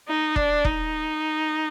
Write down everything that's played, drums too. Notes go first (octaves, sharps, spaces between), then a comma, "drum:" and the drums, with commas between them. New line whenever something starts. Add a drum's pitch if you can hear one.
D#4
D4, drum: kick E1
D#4, drum: kick E1